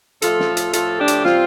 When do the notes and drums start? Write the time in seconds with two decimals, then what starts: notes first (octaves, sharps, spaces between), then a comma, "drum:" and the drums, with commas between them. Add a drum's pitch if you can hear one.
0.22 A2 F3 A3 F4 A4, drum: hi-hat
0.40 drum: snare
0.57 drum: hi-hat
0.73 A2 F3 A3 F4 A4, drum: hi-hat
0.99 D4 G4
1.08 drum: hi-hat
1.25 C3 G3 C4 F4, drum: snare